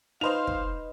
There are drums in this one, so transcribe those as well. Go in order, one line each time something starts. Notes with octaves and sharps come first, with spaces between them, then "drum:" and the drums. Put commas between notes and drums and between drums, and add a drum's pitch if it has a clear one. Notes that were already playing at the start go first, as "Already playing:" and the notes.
D#4 B4 C5 D#5 F5 F7
drum: kick